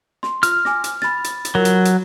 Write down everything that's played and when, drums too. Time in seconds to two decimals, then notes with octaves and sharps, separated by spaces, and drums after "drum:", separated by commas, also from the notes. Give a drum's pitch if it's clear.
0.23 C6, drum: snare
0.43 F4 F6, drum: hi-hat
0.65 G#5 D6 A#6, drum: snare
0.84 drum: hi-hat
1.02 B5 A6, drum: snare
1.24 drum: hi-hat
1.45 drum: hi-hat
1.55 F#3 F4 A#4
1.65 drum: hi-hat
1.85 drum: hi-hat